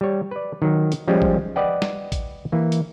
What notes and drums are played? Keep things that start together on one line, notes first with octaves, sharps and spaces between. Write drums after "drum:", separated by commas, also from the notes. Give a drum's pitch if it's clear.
G3 C#5
B4 D5
D#3 F#3
drum: hi-hat
F3 G3 G#3 C#4
drum: kick A1
B4 D5 D#5 F#5 G5
drum: snare
drum: kick A1, hi-hat
E3 A#3
drum: hi-hat